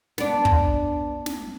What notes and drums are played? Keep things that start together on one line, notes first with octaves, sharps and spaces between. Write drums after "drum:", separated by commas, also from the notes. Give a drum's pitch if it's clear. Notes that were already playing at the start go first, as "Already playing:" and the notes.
B3 D4, drum: snare
drum: kick
drum: snare